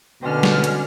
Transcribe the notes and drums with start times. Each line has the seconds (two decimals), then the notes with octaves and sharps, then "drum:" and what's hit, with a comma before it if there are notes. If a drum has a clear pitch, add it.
0.23 B2 D3 C#4 F6
0.43 drum: snare
0.64 drum: hi-hat